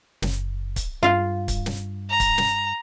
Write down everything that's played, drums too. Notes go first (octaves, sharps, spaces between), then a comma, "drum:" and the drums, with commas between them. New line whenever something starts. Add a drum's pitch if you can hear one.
F#1, drum: snare
drum: kick, hi-hat
G2 F4 F5
drum: kick, hi-hat
drum: snare
A#5
drum: kick, hi-hat
drum: snare